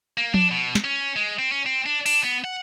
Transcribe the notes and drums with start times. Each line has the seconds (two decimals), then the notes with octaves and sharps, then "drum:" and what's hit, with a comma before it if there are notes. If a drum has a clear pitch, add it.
0.18 A#3
0.34 D4, drum: tom F3
0.51 B2
0.75 drum: snare
0.84 C#4
1.16 G#3
1.39 C4
1.52 C#4
1.66 C4
1.86 D4
2.06 D4, drum: open hi-hat
2.24 B3
2.44 F#5